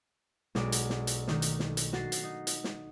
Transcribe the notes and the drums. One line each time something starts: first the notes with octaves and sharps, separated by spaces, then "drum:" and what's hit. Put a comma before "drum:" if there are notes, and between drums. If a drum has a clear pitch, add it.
B1 G#3 F#4 D5, drum: snare
drum: hi-hat
drum: snare
drum: hi-hat
D#3 A3 D4 D#4, drum: snare
drum: hi-hat
drum: snare
drum: hi-hat
F#4 A6 C7, drum: snare
drum: hi-hat
D#4
drum: hi-hat
drum: snare